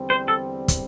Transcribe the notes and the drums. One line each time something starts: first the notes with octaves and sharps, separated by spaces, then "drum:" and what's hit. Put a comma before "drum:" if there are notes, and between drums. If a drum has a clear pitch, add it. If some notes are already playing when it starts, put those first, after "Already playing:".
Already playing: E2 D3 G3 C4
C5
A4
drum: kick, hi-hat